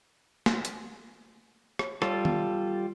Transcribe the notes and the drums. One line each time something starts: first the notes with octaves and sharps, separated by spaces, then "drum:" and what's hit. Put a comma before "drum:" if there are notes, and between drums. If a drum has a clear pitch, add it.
drum: snare
drum: hi-hat
drum: rim click
G3 F4 A4, drum: rim click
drum: tom D#3